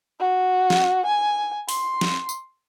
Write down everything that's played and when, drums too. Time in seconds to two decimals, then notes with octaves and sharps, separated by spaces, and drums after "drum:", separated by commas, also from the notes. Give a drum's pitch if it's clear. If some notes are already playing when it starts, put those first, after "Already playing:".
0.20 F#4
0.70 drum: snare
1.05 G#5
1.69 C6, drum: open hi-hat
2.01 drum: snare
2.29 drum: tambourine